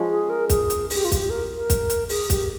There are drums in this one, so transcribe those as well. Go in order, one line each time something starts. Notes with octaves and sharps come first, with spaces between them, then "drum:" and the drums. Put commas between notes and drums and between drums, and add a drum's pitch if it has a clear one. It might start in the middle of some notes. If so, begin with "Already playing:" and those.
Already playing: F3 G#3 C#4
G#4
A#4
G#4, drum: kick, hi-hat
drum: hi-hat
G#4, drum: open hi-hat
G4
F4
G4, drum: kick, hi-hat
A#4
A#4
drum: kick, hi-hat
drum: hi-hat
G#4, drum: open hi-hat
G4, drum: kick, hi-hat